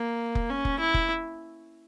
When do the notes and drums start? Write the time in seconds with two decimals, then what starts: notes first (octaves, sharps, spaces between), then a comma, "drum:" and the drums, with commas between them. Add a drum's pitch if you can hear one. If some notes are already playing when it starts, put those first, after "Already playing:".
Already playing: A#3
0.35 drum: kick F1
0.50 C#4
0.65 drum: kick F1
0.79 E4
0.94 drum: kick F1